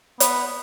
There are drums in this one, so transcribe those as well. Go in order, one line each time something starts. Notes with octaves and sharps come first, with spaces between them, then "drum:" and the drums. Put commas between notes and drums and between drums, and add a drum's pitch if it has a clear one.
B3, drum: hi-hat